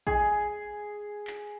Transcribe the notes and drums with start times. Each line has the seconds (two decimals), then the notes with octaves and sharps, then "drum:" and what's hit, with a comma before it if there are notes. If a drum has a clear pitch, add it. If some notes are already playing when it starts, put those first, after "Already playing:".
0.07 G#4, drum: kick A1
1.27 drum: clap